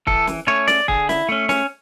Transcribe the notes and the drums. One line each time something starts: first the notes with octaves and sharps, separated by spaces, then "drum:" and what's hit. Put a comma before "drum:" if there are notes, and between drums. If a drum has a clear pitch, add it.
E3 A4, drum: kick
drum: snare
A3 C#4 C#5
D5, drum: snare
D3 G#4, drum: kick
E4, drum: snare
A3 C#4
C#4, drum: snare